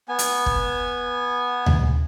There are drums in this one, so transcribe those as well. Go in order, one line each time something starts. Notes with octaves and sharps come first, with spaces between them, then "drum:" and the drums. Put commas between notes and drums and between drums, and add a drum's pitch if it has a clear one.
B3 G#5
drum: hi-hat
drum: kick
drum: tom D2